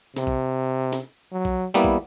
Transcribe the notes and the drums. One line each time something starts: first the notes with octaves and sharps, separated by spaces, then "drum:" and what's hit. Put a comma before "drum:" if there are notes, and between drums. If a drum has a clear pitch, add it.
C3, drum: snare
drum: kick
drum: snare
F#3
drum: kick
G3 A#3 B3 E4
drum: kick